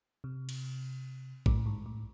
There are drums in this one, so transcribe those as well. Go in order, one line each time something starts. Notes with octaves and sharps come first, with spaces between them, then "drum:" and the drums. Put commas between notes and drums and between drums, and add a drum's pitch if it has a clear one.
C3
drum: cymbal
A2, drum: kick
G#2
A2